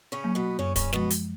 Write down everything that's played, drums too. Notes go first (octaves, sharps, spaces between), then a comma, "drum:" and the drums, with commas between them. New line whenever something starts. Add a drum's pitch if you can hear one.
C#3 C#4
F#3 A#3
B2 B3
F#2 C#3 C#4
C#3 C#4, drum: kick, hi-hat
B2 F3 G#3 B3, drum: snare
drum: hi-hat